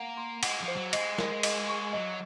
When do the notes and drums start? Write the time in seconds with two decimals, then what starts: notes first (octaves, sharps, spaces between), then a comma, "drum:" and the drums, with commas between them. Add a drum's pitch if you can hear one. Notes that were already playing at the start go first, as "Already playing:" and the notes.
Already playing: A#3 F#5
0.17 C6
0.43 G#3 F#5, drum: cymbal
0.60 F3
0.68 C5
0.76 F#3
0.93 G#3 D#5, drum: cymbal
1.18 A#4, drum: snare
1.43 D#5, drum: cymbal
1.69 C#6
1.93 F#3 D#5